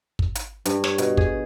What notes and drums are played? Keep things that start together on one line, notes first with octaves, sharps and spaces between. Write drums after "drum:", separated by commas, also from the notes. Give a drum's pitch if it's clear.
drum: kick
drum: hi-hat
G2, drum: hi-hat
C#5, drum: snare
B2, drum: hi-hat
G#4, drum: kick